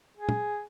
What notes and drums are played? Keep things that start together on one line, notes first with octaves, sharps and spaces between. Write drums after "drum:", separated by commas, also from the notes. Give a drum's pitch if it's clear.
G#4
drum: tom